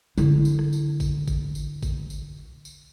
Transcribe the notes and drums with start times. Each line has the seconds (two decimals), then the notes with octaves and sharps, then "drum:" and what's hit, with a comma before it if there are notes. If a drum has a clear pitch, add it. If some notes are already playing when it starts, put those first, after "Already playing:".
0.18 D3 E4, drum: tambourine
0.45 drum: tambourine
0.59 drum: rim click
0.73 drum: tambourine
1.00 drum: kick G#1, tambourine
1.28 drum: kick G#1, tambourine
1.55 drum: tambourine
1.83 drum: kick G#1, tambourine
2.10 drum: tambourine
2.65 drum: tambourine